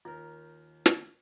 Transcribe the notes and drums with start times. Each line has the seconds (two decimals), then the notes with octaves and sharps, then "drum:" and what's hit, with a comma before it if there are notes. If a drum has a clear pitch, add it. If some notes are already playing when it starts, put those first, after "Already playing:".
0.05 D#2 F4 A#4
0.86 drum: snare